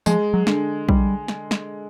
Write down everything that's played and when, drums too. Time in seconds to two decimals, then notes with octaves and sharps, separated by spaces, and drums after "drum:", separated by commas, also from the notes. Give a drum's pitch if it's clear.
0.06 F3 G#3, drum: tambourine
0.34 F#3
0.47 D3, drum: snare
0.89 G3, drum: kick A#1
1.28 drum: snare
1.51 drum: snare